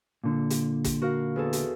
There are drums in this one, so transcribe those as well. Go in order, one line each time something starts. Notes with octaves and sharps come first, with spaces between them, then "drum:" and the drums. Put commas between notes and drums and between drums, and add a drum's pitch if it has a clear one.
A#2 D3
drum: hi-hat
drum: kick, hi-hat
F#4 A#4 F5
E2 G#4 A4
drum: hi-hat